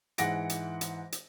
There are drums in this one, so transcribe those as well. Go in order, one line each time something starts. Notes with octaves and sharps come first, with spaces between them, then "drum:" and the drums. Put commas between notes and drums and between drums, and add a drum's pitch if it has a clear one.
G#2 E3 F#5 A#6 D7, drum: hi-hat
drum: hi-hat
drum: hi-hat
drum: hi-hat